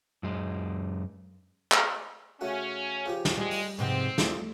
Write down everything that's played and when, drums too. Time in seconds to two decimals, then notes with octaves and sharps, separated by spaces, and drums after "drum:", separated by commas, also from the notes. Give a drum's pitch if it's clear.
0.23 F#2 G#3
1.72 drum: clap
2.41 C#3 A3 C#4 F#4
3.06 C#3 F3 G4
3.25 drum: snare
3.37 G3 G#3
3.51 drum: open hi-hat
3.79 G#2 C3 F3 G#3 B3 C4
4.18 F3 A3 G#4 C5, drum: snare